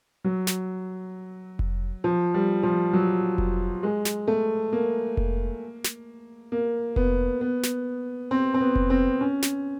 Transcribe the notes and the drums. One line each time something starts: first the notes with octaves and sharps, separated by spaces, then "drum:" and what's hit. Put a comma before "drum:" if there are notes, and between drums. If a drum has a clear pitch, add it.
F#3
drum: snare
drum: kick F1
F3
G3
F3
F#3
drum: kick F1
G#3
drum: snare
A3
A#3
drum: kick F1
drum: snare
A#3
B3, drum: kick F1
B3
drum: snare
C4
C4
B3
drum: kick F1
C4
C#4
drum: snare